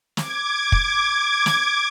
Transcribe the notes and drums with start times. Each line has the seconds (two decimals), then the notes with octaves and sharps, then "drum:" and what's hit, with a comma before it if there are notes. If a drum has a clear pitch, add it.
0.17 D6 G#6, drum: snare
0.72 drum: kick
1.46 drum: snare